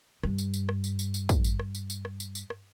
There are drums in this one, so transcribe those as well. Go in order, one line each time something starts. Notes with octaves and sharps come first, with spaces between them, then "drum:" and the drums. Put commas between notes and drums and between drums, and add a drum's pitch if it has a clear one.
G2, drum: rim click
drum: tambourine
drum: tambourine
drum: rim click
drum: tambourine
drum: tambourine
drum: tambourine
drum: kick, tambourine
drum: tambourine
drum: rim click
drum: tambourine
drum: tambourine
drum: rim click
drum: tambourine
drum: tambourine
drum: rim click